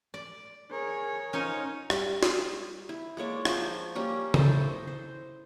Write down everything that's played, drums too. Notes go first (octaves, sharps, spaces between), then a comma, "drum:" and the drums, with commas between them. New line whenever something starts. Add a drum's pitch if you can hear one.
D5
G#4 A#4 C#5
C#4 D#4 F4 A#4 C5 G#5
G3, drum: rim click
drum: snare
E4
G#3 A#3 C#5 D5
F3 C5, drum: rim click
G3 A#3 C#4
E4 A4 C5 D#5, drum: tom C#3
C5